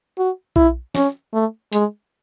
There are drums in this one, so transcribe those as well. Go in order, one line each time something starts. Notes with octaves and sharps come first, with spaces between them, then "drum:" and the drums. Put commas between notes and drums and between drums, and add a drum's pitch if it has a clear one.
F#4
E4, drum: kick B1
C#4, drum: snare
A3
G#3, drum: hi-hat